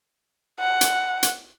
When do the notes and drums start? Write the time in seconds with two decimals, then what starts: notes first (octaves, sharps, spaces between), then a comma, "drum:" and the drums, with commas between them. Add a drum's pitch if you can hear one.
0.60 F#5
0.81 drum: hi-hat
1.23 drum: hi-hat